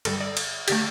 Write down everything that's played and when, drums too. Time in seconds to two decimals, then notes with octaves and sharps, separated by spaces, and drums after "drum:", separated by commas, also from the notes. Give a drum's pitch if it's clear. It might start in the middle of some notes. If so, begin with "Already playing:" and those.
0.05 G2 D3 G3 A4, drum: cymbal
0.20 D5
0.37 drum: cymbal
0.68 D3 A3 G4, drum: cymbal